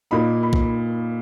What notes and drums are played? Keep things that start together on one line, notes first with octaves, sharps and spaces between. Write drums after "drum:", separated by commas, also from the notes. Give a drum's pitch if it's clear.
A#2 A#3 D#4 B5
B5
drum: kick A#1